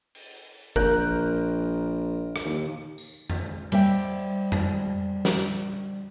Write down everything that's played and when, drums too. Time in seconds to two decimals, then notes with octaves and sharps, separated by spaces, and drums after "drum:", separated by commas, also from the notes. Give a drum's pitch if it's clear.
0.15 drum: open hi-hat
0.76 A#1 A#4 F#6 G6, drum: kick
2.36 drum: rim click
2.45 D#2
2.98 drum: tambourine
3.30 drum: tom F2
3.72 G3 C5 E5 G5, drum: cymbal
4.52 drum: tom F2
5.25 drum: snare